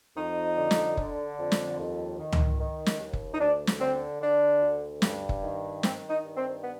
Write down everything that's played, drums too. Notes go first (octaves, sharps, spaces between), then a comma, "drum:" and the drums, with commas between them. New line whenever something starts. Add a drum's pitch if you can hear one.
F2 D#4
D3
drum: snare
D3, drum: kick
F2
drum: snare
D#2
D#3
drum: tom C#2
D#3
drum: snare
D#2
drum: kick
D#4
D2 D4
drum: snare
D3 C4
D3 D4
D2
G2, drum: snare
drum: kick
D#3
D#3 C4, drum: snare
D#4
G2
C4
B3